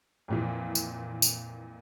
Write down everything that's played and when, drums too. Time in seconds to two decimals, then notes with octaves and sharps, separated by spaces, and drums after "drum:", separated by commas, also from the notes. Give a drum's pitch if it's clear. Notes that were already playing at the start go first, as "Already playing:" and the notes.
0.28 F2 A#2 E3
0.75 drum: tambourine
1.22 drum: tambourine